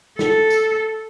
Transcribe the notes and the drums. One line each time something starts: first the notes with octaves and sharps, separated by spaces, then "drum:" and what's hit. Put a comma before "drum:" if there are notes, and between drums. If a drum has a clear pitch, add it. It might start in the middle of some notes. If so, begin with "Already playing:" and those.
A4, drum: snare
drum: tambourine